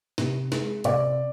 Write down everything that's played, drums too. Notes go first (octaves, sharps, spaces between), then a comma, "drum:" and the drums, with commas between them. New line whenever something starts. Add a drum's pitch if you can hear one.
C3, drum: snare
G#3, drum: snare
C3 D5, drum: hi-hat